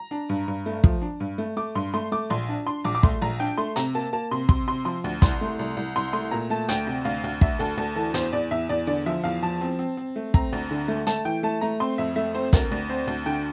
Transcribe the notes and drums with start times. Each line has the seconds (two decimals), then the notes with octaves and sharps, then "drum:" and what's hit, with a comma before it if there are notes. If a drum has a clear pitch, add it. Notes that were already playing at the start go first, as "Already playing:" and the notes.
Already playing: A#5
0.11 D4
0.29 G2
0.48 G2
0.66 A3
0.84 F3, drum: kick
1.02 D4
1.20 G2
1.38 A3
1.57 A3 D6
1.75 G2 C6
1.94 A3 C6
2.12 A3 D6
2.30 A#1 C6
2.49 D4
2.66 D4 C6
2.84 A#1 D6
2.95 D6
3.03 A3 C6, drum: kick
3.22 A#1 A#5
3.40 D4 G5
3.58 A3 C6
3.76 C3 A#5, drum: hi-hat
3.95 A#3 A5
4.13 A#3 A5
4.31 C3 C6
4.49 C3 C6, drum: kick
4.68 C3 C6
4.85 F3 C6
5.04 D2
5.22 C2 C6, drum: kick, hi-hat
5.41 A3
5.59 C2
5.77 C2
5.96 C2 C6
6.13 A3 C6
6.31 A#2 A#5
6.50 A3 A5
6.69 D2 G5, drum: hi-hat
6.87 C3
7.05 D2 F5
7.24 D2
7.41 D2 E5, drum: kick
7.59 D2 A4
7.77 D2 A4
7.96 E3 A4
8.14 E2 C5, drum: hi-hat
8.32 E2 D5
8.51 E2 E5
8.69 E2 D5
8.87 D3 D5
9.06 F3 E5
9.24 E2 F5
9.42 F3 A5
9.61 C4
9.79 C4
9.97 C4
10.16 A3
10.34 C4 A#5, drum: kick
10.53 D2
10.71 D3
10.88 A3
11.07 A3 A5, drum: hi-hat
11.25 E3 G5
11.43 A3 A5
11.61 A3 A#5
11.80 C4 C6
11.98 F2 E5
12.16 A3 E5
12.35 C4 C5
12.53 D2 A#4, drum: kick, hi-hat
12.72 D2
12.89 C4 C5
13.07 D2
13.26 D3 G5